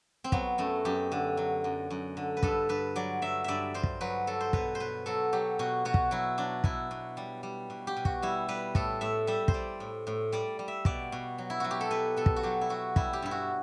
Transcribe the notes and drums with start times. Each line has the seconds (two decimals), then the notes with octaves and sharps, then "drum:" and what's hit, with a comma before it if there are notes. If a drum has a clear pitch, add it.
0.24 C4
0.32 F#3 B3, drum: kick
0.58 F#2 A3
0.85 F#2 G4
1.12 D3
1.37 F#3
1.64 F#2
1.90 F#2
2.17 D3
2.37 B4
2.43 G2 A4, drum: kick
2.69 G2 B4
2.96 F#3 D5
3.22 F#3 E5
3.44 G2 D5 E5
3.74 G2 C5
3.83 drum: kick
4.01 F#3 B4
4.27 F#3 A4
4.41 C5
4.53 B2 B4, drum: kick
4.75 C5
4.80 B2 B4
5.06 F#3 A4
5.33 F#3 G4
5.59 B2 F#4
5.85 B2 F#4
5.94 drum: kick
6.11 F#3 E4
6.38 F#3 D4
6.64 B2 E4, drum: kick
6.91 B2
7.17 G3
7.43 G3
7.70 B2
7.87 G4
7.97 B2
8.05 F#4, drum: kick
8.22 G3 E4
8.48 G3 B4
8.75 A2 A4, drum: kick
9.01 A2 E5
9.27 G3 E5
9.48 C5, drum: kick
9.54 G3 D5
9.80 A2
10.07 A2
10.32 G3 D5
10.59 G3
10.68 E5
10.85 B2 D5, drum: kick
11.12 B2
11.38 F#3
11.50 E4
11.60 F#3 F#4
11.71 G4
11.81 A4
11.91 B2 B4
12.17 B2 A4
12.26 drum: kick
12.36 F#4
12.43 F#3 G4
12.61 E4
12.69 F#3 F#4
12.96 G3 E4, drum: kick
13.13 G4
13.22 G2 E4
13.31 F#4